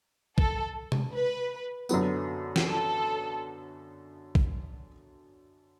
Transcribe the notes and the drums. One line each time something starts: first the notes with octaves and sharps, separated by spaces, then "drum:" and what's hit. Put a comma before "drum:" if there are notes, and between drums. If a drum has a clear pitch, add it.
A4, drum: kick
drum: tom C3
B4
F#2 D3 F#3 B3, drum: tambourine
drum: snare
A4
drum: kick